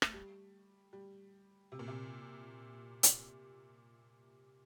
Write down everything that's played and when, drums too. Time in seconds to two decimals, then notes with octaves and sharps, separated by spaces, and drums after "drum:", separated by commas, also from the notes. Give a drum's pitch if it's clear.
0.02 A3, drum: rim click
0.14 G3
0.93 G3
1.72 C3
1.79 A#2
1.88 C3
3.03 drum: hi-hat